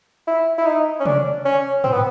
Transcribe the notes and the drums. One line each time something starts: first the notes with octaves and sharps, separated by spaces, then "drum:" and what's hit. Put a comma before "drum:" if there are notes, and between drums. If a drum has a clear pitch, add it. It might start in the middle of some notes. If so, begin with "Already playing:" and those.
E4
E4
D#4
C#4
D4, drum: tom C3
C#4
C4, drum: tom G#2
B3